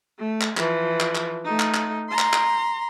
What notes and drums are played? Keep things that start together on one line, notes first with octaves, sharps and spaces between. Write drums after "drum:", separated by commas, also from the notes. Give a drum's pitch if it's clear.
A3
drum: clap
E3 F3, drum: clap
drum: clap
drum: clap
A3 D#4
drum: clap
drum: clap
A#5 C6
drum: clap
drum: clap